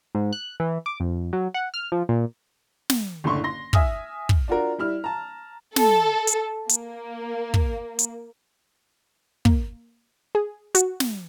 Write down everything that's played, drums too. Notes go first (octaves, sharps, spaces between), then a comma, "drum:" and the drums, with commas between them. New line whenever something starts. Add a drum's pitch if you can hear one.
G#2
F#6
E3
D6
F2
F#3
F#5
F6
F3
A#2
drum: snare
F#1 A2 D3 E4 C6 C#6
C6 A#6
E5 G#5 D#6 F6, drum: kick
drum: kick
D4 F4 F#4 A#4
G3 E4 F6
A5 A#5
A4, drum: snare
drum: hi-hat
A#3, drum: hi-hat
drum: kick
drum: hi-hat
A#3, drum: kick
G#4
F#4, drum: hi-hat
drum: snare